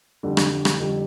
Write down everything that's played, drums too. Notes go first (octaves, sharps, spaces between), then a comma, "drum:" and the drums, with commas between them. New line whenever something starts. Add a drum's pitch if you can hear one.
F2 D3 G3
drum: rim click
drum: rim click
F2 D3 G3